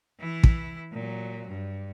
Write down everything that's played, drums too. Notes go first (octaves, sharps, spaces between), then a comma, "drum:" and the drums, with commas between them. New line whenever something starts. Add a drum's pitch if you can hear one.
E3 E4
drum: kick
A#2 F#3
G2